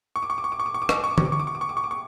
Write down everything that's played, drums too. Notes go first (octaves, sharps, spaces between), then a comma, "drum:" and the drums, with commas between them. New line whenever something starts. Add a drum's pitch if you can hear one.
C#6
D6
C#6
D6
C#6
D6
C#6
D6
C#6
D6
C#6, drum: rim click
D6
C#6
D6
C#6, drum: tom D3
D6
C#6
D6
C#6
D6
C#6
D6
C#6
D6
C#6